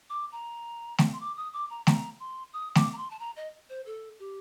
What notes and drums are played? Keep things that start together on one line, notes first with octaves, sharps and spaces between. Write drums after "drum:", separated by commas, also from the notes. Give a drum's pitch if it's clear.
D6
A#5
drum: snare A3
C6
D6
D#6
D6
A#5
A#5, drum: snare A3
C6
D#6
D6, drum: snare A3
A#5
C6
A5
A#5
D#5
C5
A4
G4